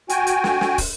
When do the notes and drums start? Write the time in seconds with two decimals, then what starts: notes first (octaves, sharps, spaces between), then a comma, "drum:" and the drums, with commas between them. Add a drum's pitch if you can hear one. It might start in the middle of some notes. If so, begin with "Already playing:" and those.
0.09 F#4 G5 G#5, drum: hi-hat
0.27 drum: hi-hat
0.44 drum: snare
0.61 drum: snare
0.78 drum: kick, open hi-hat